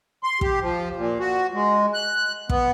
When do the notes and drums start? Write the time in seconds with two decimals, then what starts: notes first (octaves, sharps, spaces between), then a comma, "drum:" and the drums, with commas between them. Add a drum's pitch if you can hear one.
0.23 C6
0.41 G4, drum: kick
0.61 F3
0.96 A#2
1.20 F#4
1.54 G#3
1.94 F#6
2.49 B3, drum: kick